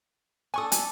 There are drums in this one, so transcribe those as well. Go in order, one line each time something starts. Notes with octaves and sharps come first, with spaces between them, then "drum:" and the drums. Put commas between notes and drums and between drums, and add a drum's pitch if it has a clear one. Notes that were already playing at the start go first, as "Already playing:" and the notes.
D4 A4 G#5 C#6 D#6
G#5, drum: hi-hat